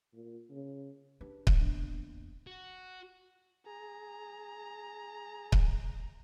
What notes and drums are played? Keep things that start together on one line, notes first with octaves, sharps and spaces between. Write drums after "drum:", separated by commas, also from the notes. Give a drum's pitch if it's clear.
A#2
C#3
D4 G4 B4
C#7, drum: kick C#1
E2 E3 A#3 D4
F#4
G#4 A#5
drum: kick C#1